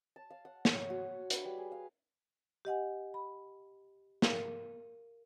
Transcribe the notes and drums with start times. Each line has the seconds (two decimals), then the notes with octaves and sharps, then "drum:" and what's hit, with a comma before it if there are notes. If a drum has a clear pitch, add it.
0.16 A5
0.30 F5
0.45 F#5
0.65 C#5, drum: snare
0.90 F#4
1.30 B4, drum: hi-hat
1.45 G3
1.58 G#4
1.72 F5
2.65 G4 D#5 F#5 G#5
3.14 B5
4.22 A#4 F5, drum: snare